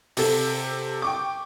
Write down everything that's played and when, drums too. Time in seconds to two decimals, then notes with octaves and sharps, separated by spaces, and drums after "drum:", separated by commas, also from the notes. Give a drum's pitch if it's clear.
0.17 C3 A4, drum: open hi-hat
1.02 G5 C#6 D6